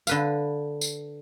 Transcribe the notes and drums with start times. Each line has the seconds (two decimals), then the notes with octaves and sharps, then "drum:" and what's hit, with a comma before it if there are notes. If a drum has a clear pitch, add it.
0.07 D3 B4 F5, drum: tambourine
0.81 drum: tambourine